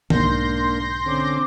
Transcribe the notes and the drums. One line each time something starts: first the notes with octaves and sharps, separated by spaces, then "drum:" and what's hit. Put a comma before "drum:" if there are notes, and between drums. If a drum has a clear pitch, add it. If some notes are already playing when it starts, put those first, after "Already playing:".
B1 G#2 A#3 D4 C6 G6 A#6, drum: tom D#3
D3 C4 C#4 D6